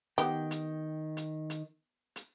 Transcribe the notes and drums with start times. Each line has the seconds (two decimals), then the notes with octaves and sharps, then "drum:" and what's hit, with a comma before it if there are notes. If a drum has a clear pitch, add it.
0.18 D#3 B3 G4 G5, drum: hi-hat
0.51 drum: hi-hat
1.17 drum: hi-hat
1.50 drum: hi-hat
2.16 drum: hi-hat